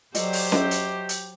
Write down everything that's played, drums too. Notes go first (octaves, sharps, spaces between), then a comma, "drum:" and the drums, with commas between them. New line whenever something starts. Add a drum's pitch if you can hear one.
F#3 G4 A4 C5 D5 D#5, drum: hi-hat
drum: open hi-hat
D#5 E5, drum: snare C#4
drum: hi-hat
drum: hi-hat